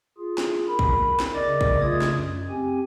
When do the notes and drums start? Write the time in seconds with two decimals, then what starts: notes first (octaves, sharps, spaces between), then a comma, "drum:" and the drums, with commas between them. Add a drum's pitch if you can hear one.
0.18 F4 G#4
0.38 drum: snare
0.67 A#4 B5
0.79 drum: kick
1.20 drum: snare
1.34 C#3 A#4 D5 D#5 D6 A6
1.61 drum: kick
1.81 C#3 A3 F4 D#5 D#6 G#6
2.02 drum: snare
2.11 F#2
2.49 C4 G4 G#5